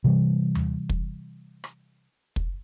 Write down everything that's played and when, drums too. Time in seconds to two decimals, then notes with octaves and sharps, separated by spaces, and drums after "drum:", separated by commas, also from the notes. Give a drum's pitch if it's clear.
0.04 C3 E3 G3
0.55 drum: tom D#2
0.89 drum: kick
1.64 drum: rim click
2.36 drum: kick